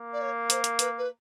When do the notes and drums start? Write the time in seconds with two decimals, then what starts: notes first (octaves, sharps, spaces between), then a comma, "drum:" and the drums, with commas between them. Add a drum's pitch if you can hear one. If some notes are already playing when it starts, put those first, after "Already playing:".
Already playing: A#3
0.12 D5
0.21 C#5
0.50 C5, drum: hi-hat
0.64 drum: hi-hat
0.79 B4, drum: hi-hat
0.98 B4